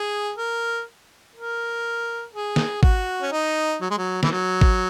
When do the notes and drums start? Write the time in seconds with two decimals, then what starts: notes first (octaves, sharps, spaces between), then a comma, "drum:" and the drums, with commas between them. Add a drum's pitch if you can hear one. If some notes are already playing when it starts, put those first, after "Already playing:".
Already playing: G#4
0.38 A#4
1.36 A#4
2.34 G#4
2.56 drum: snare
2.83 F#4, drum: kick
3.22 C#4
3.32 D#4
3.81 F#3
3.90 G#3
3.98 F#3
4.23 E3, drum: snare
4.31 F#3
4.61 drum: kick